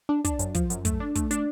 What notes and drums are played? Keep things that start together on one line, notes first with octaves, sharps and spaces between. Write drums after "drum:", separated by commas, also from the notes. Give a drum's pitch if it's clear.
D4
D4, drum: kick, hi-hat
F#2, drum: hi-hat
F3, drum: kick, hi-hat
F#2, drum: hi-hat
A3, drum: kick, hi-hat
D4
A3, drum: kick, hi-hat
D4, drum: hi-hat